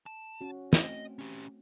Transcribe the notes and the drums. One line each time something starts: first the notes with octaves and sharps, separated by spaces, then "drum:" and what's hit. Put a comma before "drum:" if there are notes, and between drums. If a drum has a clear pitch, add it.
A5
C#4 F#4
A3 C4 D#5, drum: snare
C#4 G4